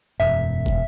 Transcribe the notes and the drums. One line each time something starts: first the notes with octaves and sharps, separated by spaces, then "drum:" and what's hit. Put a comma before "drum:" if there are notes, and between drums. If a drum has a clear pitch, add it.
E1 F#2 E5
drum: kick